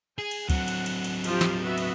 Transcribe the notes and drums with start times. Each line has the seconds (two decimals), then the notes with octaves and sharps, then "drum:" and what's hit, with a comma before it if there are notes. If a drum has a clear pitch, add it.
0.19 G#4 G#5
0.31 drum: cymbal
0.49 F#3 C4 F#5, drum: kick, cymbal
0.68 drum: cymbal
0.86 drum: cymbal
1.04 drum: cymbal
1.24 F3 F4 G4, drum: cymbal
1.41 drum: snare
1.64 B3 F#4 E5
1.78 drum: cymbal